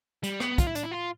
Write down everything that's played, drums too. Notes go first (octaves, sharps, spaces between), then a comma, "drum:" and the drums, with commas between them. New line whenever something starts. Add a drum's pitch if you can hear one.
G3, drum: hi-hat
B3, drum: rim click
F4, drum: kick, hi-hat
E4
D4, drum: hi-hat
E4
F4